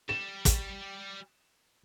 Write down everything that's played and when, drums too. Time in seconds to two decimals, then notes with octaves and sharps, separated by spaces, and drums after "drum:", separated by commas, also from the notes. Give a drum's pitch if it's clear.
0.09 G3 G4 E7
0.45 drum: kick, hi-hat